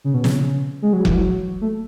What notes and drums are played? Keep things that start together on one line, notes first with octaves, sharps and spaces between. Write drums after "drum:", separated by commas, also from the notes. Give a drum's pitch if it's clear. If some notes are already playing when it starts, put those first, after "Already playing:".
C#3
B2
C#3, drum: snare
G#3
F#3
E3, drum: kick F1
F#3
A3